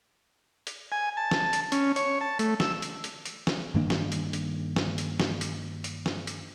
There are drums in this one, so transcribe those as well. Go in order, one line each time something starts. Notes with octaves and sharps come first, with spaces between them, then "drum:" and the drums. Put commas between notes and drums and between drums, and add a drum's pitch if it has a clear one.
drum: hi-hat
G#5
A5
drum: snare
drum: hi-hat
C#4, drum: hi-hat
C#5, drum: hi-hat
A5
A3, drum: hi-hat
E6, drum: snare
drum: hi-hat
drum: hi-hat
drum: hi-hat
drum: snare
G2 D#3 A#3 D4
drum: snare
drum: hi-hat
drum: hi-hat
drum: snare
drum: hi-hat
drum: snare
drum: hi-hat
drum: hi-hat
drum: snare
drum: hi-hat